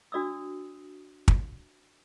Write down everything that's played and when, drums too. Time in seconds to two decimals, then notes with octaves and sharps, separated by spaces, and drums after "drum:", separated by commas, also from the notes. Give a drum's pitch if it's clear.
0.12 D4 F#4 D5 D#6 E6
1.28 drum: kick